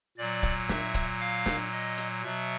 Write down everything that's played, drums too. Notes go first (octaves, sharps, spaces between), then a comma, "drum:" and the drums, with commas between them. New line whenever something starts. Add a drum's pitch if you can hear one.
A#2 F#3 D5
drum: kick
E5, drum: snare
drum: kick, hi-hat
F5
drum: snare
D#5
drum: hi-hat
B2 F#3 E5